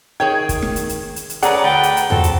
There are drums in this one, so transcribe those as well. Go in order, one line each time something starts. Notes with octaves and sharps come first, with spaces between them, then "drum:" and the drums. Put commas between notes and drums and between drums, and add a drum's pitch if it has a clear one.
D#3 G#4 C#5 G5 G#6
drum: kick, hi-hat
drum: snare
drum: hi-hat
drum: hi-hat
drum: hi-hat
drum: hi-hat
C#4 G#4 A4 B4 D5 F#5 A#5, drum: hi-hat
D2 B4 G5 A6
drum: hi-hat
drum: hi-hat
F3 C4 F#4 A4, drum: tom
drum: hi-hat